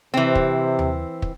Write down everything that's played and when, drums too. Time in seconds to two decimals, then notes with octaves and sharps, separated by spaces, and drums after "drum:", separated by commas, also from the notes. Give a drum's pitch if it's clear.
0.14 C3 E3 C4
0.35 drum: kick
0.79 drum: tom D#2
1.22 drum: kick